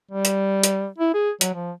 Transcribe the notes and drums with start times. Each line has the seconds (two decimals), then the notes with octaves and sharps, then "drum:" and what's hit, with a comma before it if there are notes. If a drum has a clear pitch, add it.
0.11 G3
0.25 drum: hi-hat
0.63 drum: hi-hat
0.98 E4
1.14 G#4
1.41 F#3, drum: hi-hat
1.54 F3